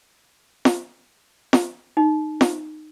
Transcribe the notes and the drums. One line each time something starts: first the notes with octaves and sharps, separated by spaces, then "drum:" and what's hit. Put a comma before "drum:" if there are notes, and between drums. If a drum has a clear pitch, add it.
drum: snare
drum: snare
D#4
drum: snare